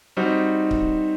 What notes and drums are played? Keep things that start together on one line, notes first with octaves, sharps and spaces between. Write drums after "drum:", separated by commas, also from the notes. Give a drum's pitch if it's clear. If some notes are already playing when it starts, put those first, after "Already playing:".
G3 C4 D#4 F#4
drum: kick C#1